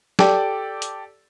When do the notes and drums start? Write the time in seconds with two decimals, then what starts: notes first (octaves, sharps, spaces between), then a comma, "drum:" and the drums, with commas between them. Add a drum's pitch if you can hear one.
0.19 G4 A4 D5, drum: snare
0.82 drum: hi-hat